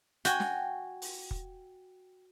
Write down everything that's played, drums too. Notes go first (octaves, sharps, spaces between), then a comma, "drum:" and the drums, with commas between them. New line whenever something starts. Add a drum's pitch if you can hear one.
F#4 G5 G#5, drum: hi-hat
drum: snare
drum: open hi-hat
drum: kick